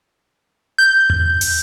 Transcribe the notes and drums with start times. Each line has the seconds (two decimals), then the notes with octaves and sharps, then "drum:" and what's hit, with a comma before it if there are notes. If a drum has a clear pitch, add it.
0.78 G6
1.10 drum: tom E2
1.41 drum: open hi-hat